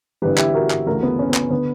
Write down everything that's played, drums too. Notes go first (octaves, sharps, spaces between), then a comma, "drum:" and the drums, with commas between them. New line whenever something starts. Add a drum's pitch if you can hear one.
G1 G2 E3 G4 B4
E4 G4, drum: clap
F#4 A#4
drum: clap
D2 C#3 E3 F#4 A#4
B3
C#4
B3
C#4, drum: clap
D3 B3